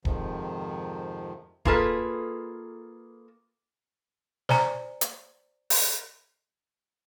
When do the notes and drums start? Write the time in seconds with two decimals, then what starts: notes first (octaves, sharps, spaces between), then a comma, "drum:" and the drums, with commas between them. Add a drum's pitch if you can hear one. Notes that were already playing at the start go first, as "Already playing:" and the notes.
0.05 F2 G#2 C3 D#3 F3, drum: kick D#1
1.65 A#3 F4 G#4 A4 B4 D#5, drum: kick D#1
4.49 C5 D5 G#5 A#5, drum: snare
5.01 drum: hi-hat
5.70 drum: open hi-hat